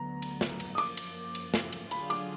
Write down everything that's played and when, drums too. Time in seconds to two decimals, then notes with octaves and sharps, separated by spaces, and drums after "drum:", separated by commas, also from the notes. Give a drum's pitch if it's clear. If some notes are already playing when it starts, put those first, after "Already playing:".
Already playing: D2 D3 F#3 B3 A#5
0.22 drum: cymbal
0.41 drum: snare
0.60 drum: cymbal
0.75 D#6
0.78 F#2 F3 A#3 D6, drum: cymbal
0.97 drum: cymbal
1.35 drum: cymbal
1.54 drum: snare
1.72 drum: cymbal
1.91 D3 F#3 D4 F4 G#4 B5, drum: cymbal
2.10 D6, drum: cymbal